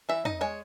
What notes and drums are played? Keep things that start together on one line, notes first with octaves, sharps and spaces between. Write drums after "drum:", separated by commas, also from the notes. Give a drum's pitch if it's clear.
E3 E5
D#4 D#5, drum: tom
G#3 C#5